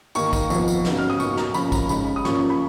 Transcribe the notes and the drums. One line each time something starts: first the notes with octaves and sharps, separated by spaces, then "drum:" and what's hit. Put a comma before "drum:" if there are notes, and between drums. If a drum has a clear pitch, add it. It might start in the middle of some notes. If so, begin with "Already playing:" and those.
D#3 A#3 D#4 C#6, drum: tambourine
drum: kick, tambourine
F2 F3 B3, drum: tambourine
drum: tambourine
C#3 F#3 B3 D#4, drum: snare
F6
D#6
B2 A#3 D#4 C#6, drum: tambourine
A#5, drum: snare
F2 C#3 F3 A#3 B5, drum: tambourine
A#5, drum: kick, tambourine
C#3 G#3 D#4 B5, drum: tambourine
D#6
C#3 F3 A#3 C#4 C#6, drum: snare
B5